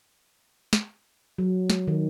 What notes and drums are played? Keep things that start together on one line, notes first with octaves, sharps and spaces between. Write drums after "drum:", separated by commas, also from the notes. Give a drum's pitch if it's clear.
drum: snare
F#3
drum: snare
D#3